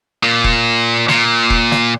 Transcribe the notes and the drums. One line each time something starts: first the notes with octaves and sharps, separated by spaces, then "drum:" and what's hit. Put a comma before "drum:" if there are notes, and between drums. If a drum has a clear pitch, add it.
A#2
drum: kick
A#2, drum: snare
drum: kick
drum: snare